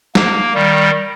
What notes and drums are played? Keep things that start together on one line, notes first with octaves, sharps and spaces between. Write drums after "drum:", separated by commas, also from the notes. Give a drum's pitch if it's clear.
A#3, drum: snare
D#3 G3